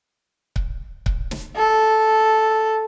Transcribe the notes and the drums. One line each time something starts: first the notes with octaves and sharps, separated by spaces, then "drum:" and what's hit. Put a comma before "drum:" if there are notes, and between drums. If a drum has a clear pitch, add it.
drum: kick C#1
drum: kick C#1
drum: snare
A4